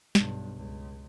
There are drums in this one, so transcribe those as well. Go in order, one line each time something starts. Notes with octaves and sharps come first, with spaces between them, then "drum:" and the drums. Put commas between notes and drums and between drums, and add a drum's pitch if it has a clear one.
B1 G2, drum: snare
C#2